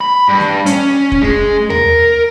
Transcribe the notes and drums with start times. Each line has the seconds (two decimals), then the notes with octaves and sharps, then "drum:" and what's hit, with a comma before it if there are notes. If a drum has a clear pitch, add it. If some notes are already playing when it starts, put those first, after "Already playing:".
0.01 B5
0.29 G2
0.40 drum: snare
0.66 C#4, drum: hi-hat
1.12 drum: kick
1.22 G#3
1.70 A#4, drum: tom D#2